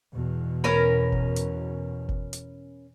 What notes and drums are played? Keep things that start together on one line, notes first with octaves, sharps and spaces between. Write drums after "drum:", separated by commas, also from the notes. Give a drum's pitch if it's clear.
E2 B2
C#4 A#4 B4
drum: kick F#1
drum: hi-hat
drum: kick F#1
drum: hi-hat